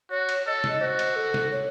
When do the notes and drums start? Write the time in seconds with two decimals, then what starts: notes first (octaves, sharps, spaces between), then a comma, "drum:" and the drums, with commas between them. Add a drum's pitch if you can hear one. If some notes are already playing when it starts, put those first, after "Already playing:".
0.11 F#4 C#5
0.29 drum: cymbal
0.47 A4 D#5
0.64 drum: snare
0.81 F#4 C5
0.99 drum: cymbal
1.16 A4
1.34 drum: snare
1.52 C#5